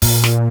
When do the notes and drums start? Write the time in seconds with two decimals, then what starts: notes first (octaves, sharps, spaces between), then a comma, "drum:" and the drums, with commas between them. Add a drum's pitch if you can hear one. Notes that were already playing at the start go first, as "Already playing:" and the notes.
0.02 A#2, drum: kick, open hi-hat
0.24 drum: snare